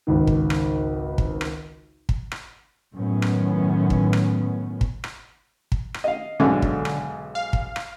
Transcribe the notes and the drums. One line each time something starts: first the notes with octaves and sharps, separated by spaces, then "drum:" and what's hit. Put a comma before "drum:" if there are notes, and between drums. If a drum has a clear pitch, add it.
G#1 C#2 D#3
drum: kick
drum: rim click
drum: kick
drum: rim click
drum: kick
drum: rim click
F#2 A2 D#3 B3 C#4
drum: rim click
drum: kick
drum: rim click
drum: kick
drum: rim click
drum: kick
drum: rim click
D#5 F5
B1 G#2 D3 C#4
drum: kick
drum: rim click
F5
drum: kick
drum: rim click